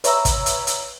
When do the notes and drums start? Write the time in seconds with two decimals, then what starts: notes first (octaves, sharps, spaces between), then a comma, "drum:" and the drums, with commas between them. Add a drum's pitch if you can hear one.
0.04 B4 C#5 E5 A#5 E6, drum: hi-hat
0.25 drum: kick, hi-hat
0.46 drum: hi-hat
0.67 drum: hi-hat